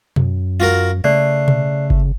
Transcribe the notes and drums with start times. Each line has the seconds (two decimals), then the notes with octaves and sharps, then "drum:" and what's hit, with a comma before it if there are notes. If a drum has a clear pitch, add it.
0.16 F#2, drum: tom B2
0.60 F4 F#4 A#4
1.04 C#3 A3 D5 F#6 C7
1.48 drum: tom B2
1.90 drum: kick G1